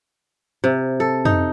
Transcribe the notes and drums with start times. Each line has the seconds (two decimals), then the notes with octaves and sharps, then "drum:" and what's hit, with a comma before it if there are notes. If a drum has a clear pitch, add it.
0.64 C3
1.00 A4
1.25 D#4, drum: tom